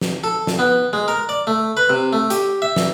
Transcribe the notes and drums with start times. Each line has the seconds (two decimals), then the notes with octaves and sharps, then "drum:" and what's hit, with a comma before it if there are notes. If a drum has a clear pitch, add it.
0.01 drum: snare
0.24 A4
0.47 drum: snare
0.59 B3
0.93 G#3
1.08 A#4
1.29 D5
1.47 A3
1.77 B4
1.90 C3
2.13 A3
2.30 G4, drum: hi-hat
2.62 E5
2.76 drum: snare